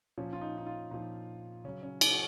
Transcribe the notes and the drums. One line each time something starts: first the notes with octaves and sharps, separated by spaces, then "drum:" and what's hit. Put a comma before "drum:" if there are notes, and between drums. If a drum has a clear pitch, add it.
A#2 F3 C#4
F4
D#4
D#4
F4
A#2 F3 D#4
C#3 F#3 C#4
C#4
D#4, drum: cymbal
F#4